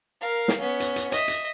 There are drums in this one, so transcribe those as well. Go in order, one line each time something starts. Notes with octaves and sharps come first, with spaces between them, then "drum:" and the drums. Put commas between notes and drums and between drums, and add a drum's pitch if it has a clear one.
A#4 F5
drum: snare
B3 C#4
drum: hi-hat
drum: hi-hat
D#5 E5, drum: hi-hat
drum: hi-hat